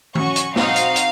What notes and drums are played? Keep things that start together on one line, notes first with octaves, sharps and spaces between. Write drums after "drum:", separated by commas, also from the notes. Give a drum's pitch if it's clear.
C#4 F#4 C#6, drum: tom D#3
drum: hi-hat
C4 D#4 F#4 F5, drum: snare
drum: hi-hat
drum: hi-hat